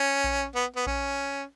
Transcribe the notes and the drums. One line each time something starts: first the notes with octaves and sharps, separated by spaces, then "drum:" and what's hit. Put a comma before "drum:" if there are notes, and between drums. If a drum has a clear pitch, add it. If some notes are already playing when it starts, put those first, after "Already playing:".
Already playing: C#4
drum: kick A#1
B3
B3
C#4, drum: kick A#1